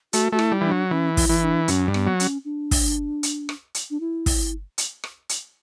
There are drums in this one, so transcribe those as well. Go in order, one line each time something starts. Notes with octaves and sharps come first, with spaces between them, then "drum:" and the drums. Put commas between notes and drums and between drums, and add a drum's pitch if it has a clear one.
A3 F#4, drum: hi-hat
A3 F#4
E4, drum: rim click
G3
E3 D4
F#3
E3 C#4
E4, drum: kick, open hi-hat
E3
D4
F#2 C#4, drum: hi-hat
G2
B3, drum: rim click
F#3
C#4, drum: hi-hat
D4
drum: kick, open hi-hat
drum: hi-hat
drum: rim click
drum: hi-hat
D4
E4
drum: kick, open hi-hat
drum: hi-hat
drum: rim click
drum: hi-hat